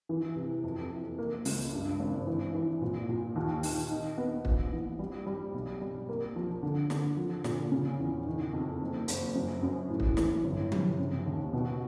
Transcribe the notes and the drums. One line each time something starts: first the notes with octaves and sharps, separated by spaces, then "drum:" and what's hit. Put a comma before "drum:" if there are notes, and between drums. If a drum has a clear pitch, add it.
E3
C3
F2
F2
A#3
C#2, drum: open hi-hat
G2
G#1
E3
E3
A#2
A#2
D#2
D#3, drum: open hi-hat
D#4
B3
A#1, drum: kick
E3
G3
G3
B1
G3
A#3
F3
D3
D3, drum: snare
F3
A#2, drum: snare
C#3
E2
D#3
F2
F#1
F#1, drum: hi-hat
F#2
F#2
A2
drum: kick
E3, drum: snare
G1
C3, drum: tom F3
C#3
D#2
B2